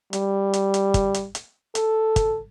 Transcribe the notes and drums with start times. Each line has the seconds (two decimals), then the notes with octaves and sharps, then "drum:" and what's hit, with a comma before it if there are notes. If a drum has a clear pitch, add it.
0.13 G3, drum: hi-hat
0.53 drum: hi-hat
0.74 drum: hi-hat
0.94 drum: kick, hi-hat
1.14 drum: hi-hat
1.35 drum: hi-hat
1.75 A4, drum: hi-hat
2.16 drum: kick, hi-hat